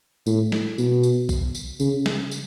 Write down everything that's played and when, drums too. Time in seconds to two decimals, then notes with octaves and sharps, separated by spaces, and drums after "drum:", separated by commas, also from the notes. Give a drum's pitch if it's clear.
0.26 A2, drum: tambourine
0.52 drum: snare
0.78 B2, drum: tambourine
1.03 drum: tambourine
1.29 drum: kick A#1, tambourine
1.55 drum: tambourine
1.80 C#3, drum: tambourine
2.06 drum: snare
2.31 drum: tambourine